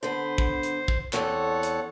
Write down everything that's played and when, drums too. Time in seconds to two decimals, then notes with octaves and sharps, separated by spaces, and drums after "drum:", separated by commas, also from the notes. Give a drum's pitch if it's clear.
0.03 D3 B3 C5
0.38 drum: kick
0.63 drum: hi-hat
0.88 drum: kick
1.13 E2 C4 A4 C#5 F#5, drum: clap
1.63 drum: hi-hat